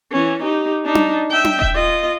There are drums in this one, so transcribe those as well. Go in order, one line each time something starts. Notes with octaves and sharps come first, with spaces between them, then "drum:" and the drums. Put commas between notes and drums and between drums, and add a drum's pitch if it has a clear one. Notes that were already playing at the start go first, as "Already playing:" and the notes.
E3 C#4
D#4 G4
D4 D#4
drum: tom D4
E5 G5
drum: tom D4
drum: kick D#1
F4 D#5